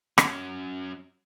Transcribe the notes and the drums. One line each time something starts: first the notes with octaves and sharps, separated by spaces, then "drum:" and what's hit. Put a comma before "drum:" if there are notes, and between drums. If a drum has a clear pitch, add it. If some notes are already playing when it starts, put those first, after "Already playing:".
F#3 C#4, drum: rim click